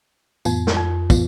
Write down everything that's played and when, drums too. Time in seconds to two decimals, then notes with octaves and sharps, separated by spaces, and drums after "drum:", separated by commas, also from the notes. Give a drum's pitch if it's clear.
0.45 F2 A2 E3 B3 F4, drum: tambourine
0.67 drum: snare
0.77 F2
1.10 A2 E3 B3 F4, drum: kick, tambourine